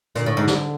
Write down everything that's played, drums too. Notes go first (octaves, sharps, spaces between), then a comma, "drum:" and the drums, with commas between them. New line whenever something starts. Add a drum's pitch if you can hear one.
A#2 D3, drum: hi-hat
A2
G#2
drum: snare